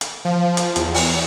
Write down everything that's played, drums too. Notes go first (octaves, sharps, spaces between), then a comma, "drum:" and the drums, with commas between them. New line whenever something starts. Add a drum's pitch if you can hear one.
drum: hi-hat
F3
drum: hi-hat
E2, drum: hi-hat
drum: open hi-hat